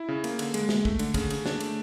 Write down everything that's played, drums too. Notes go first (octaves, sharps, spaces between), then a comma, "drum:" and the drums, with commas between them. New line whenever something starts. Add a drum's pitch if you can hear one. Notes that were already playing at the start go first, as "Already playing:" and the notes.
Already playing: E4
C#3
A#3, drum: cymbal
D3, drum: cymbal
G#3, drum: cymbal
G#3, drum: snare
A3, drum: kick
D3, drum: cymbal
C#3, drum: kick, cymbal
C#3, drum: cymbal
D4, drum: snare
A3, drum: cymbal